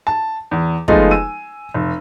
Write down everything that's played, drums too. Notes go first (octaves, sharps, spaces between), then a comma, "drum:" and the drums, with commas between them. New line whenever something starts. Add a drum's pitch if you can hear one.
A5
E2
F3 G#3 A3 B3 D#4 F4, drum: kick
G#5 E6 D#7
F1